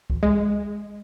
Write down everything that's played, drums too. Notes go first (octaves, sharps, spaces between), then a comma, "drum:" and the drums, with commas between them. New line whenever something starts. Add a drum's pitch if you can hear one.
drum: kick C#2
G#3